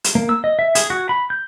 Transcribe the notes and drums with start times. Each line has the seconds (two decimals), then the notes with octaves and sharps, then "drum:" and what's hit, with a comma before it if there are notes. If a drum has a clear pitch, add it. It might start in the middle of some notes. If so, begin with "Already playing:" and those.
0.04 drum: hi-hat
0.15 A#3
0.29 E6
0.44 D#5
0.59 E5
0.75 G#4, drum: hi-hat
0.90 F#4
1.09 B5
1.30 G6